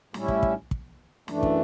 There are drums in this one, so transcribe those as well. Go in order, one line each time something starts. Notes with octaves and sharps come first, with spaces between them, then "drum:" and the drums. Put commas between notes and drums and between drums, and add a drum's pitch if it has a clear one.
A2 G3 C#4 E4, drum: snare
drum: kick
drum: kick
drum: kick
F#2 E3 A3 D4, drum: snare
drum: kick